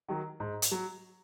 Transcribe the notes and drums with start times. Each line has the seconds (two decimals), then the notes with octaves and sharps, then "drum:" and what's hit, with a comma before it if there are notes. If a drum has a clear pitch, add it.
0.08 D#3 F#3
0.40 G#2
0.62 drum: hi-hat
0.71 F#3